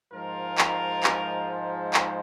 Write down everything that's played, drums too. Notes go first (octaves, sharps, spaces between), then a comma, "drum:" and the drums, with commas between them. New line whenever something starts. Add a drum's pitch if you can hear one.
G#2 F3 G#3 F4 A#4
drum: clap
drum: clap
drum: clap